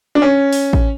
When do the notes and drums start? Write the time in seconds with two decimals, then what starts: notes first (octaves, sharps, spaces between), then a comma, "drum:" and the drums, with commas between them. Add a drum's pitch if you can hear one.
0.15 D4
0.22 C#4
0.53 drum: open hi-hat
0.73 drum: kick A1